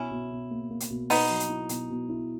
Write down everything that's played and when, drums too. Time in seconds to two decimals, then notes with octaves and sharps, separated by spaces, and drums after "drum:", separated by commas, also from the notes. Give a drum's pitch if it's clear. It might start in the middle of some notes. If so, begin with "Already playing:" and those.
Already playing: B2 C#4 E4
0.11 B2
0.31 B2
0.51 A#3
0.70 A#3
0.80 drum: hi-hat
0.90 B2
1.10 B2 B3 D#4, drum: open hi-hat
1.30 F#3
1.40 drum: hi-hat
1.49 E4
1.69 B2, drum: hi-hat
1.90 B2
2.09 E4